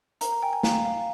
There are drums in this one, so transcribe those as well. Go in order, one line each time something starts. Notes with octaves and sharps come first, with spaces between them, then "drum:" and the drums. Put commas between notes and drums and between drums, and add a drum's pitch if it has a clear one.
A#4 A#5, drum: hi-hat
A#5
G5 G#5
G#5
F5 A#5, drum: snare
F5